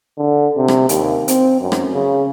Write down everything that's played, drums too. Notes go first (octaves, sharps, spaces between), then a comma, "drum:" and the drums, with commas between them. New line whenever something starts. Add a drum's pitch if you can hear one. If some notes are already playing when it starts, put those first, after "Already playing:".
D3
C3
drum: rim click
D#2, drum: hi-hat
C4, drum: hi-hat
F#2
drum: rim click
C#3